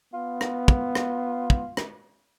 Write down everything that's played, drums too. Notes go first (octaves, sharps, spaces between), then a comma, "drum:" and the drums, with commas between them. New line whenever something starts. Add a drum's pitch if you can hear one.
B3 F4
drum: rim click
drum: kick
drum: rim click
drum: kick
drum: rim click